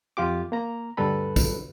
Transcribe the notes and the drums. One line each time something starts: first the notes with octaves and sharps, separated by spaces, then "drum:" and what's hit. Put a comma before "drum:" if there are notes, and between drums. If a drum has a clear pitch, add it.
F2 F4 G4 D6
A#3 A#5
D2 G2 G3 A4 B4 B5
drum: kick, tambourine